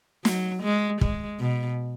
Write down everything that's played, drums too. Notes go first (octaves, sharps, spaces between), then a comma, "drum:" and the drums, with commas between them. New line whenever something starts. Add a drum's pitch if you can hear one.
F#3, drum: snare
G#3
G#3, drum: kick
B2